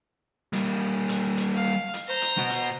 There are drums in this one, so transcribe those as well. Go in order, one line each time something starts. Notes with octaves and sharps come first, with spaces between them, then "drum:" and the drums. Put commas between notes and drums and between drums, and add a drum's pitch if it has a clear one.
G3 A#3, drum: hi-hat
drum: hi-hat
drum: hi-hat
F5
drum: hi-hat
C5 A#5
drum: hi-hat
B2 F#4
drum: hi-hat